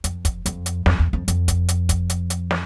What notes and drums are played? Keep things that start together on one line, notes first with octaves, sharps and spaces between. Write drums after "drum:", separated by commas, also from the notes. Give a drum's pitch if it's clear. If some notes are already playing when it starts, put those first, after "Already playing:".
F2, drum: hi-hat
drum: kick, hi-hat
F2, drum: hi-hat
drum: hi-hat
F2, drum: snare
E2
F2
F2, drum: hi-hat
drum: kick, hi-hat
drum: hi-hat
drum: kick, hi-hat
drum: hi-hat
drum: hi-hat
drum: snare